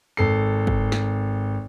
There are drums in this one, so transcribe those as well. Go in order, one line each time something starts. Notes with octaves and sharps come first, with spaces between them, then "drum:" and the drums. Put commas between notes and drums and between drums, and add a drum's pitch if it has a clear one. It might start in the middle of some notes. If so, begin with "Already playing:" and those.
G#1 A4 C7
drum: kick
drum: snare